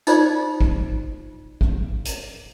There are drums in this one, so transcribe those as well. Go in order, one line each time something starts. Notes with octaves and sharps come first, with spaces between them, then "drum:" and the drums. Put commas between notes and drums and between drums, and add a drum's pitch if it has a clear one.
D#4 F4 C5 D5, drum: tambourine
drum: kick
drum: kick
drum: hi-hat